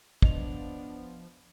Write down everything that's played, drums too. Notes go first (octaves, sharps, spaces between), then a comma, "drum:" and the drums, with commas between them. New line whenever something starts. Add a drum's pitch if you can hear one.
F3 B3 D4 D#5 F7, drum: kick